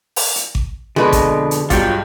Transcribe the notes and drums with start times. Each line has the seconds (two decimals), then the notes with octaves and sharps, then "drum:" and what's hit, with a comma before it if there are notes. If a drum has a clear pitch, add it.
0.16 drum: open hi-hat
0.36 drum: hi-hat
0.55 drum: kick G#1
0.96 F2 B2 D3 G#3 B4
1.13 drum: kick G#1, hi-hat
1.51 drum: hi-hat
1.70 B1 G2 F#3 F4 C#5 G5, drum: kick G#1, hi-hat